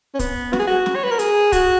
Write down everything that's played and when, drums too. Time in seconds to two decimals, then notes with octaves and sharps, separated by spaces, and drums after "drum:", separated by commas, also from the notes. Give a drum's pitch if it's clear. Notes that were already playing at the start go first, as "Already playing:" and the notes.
0.14 C#4
0.19 B3, drum: kick, hi-hat
0.53 F#4, drum: snare
0.59 G#4
0.67 F#4
0.86 drum: snare
0.95 C#5
1.04 B4
1.11 A#4
1.19 G#4, drum: hi-hat
1.52 F#4, drum: kick, hi-hat